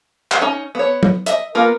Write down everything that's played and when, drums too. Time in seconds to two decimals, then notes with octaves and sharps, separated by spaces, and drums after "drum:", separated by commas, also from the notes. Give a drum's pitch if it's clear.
0.32 drum: clap
0.41 C#4 D#4
0.75 B3 C#5
1.03 drum: tom
1.26 D#5 E5, drum: hi-hat
1.55 A#3 B3 F4 A#4